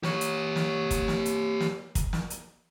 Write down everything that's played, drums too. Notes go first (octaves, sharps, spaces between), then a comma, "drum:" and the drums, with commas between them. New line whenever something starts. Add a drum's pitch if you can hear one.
G4 C#5, drum: snare
drum: hi-hat
drum: snare
drum: kick, hi-hat
drum: snare
drum: hi-hat
drum: snare
drum: kick, hi-hat
drum: snare
drum: hi-hat